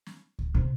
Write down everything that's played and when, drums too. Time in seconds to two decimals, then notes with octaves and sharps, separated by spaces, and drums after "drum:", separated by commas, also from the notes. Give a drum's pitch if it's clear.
0.06 drum: snare
0.39 drum: kick C#2
0.54 C3